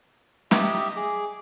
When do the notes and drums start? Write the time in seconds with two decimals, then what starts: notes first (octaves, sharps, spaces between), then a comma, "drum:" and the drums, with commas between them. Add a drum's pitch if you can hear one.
0.51 G4 D#5 E5, drum: snare
0.96 G#4 D6